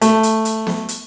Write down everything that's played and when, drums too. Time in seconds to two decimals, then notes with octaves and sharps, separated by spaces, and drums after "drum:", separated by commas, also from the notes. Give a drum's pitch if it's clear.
0.01 A3, drum: hi-hat
0.23 drum: hi-hat
0.45 drum: hi-hat
0.67 drum: snare B3
0.89 drum: hi-hat